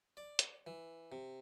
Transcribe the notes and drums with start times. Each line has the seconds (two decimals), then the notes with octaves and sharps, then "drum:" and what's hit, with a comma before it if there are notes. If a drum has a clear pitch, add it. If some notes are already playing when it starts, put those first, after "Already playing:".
0.17 D5
0.39 drum: hi-hat
0.67 E3
1.12 C3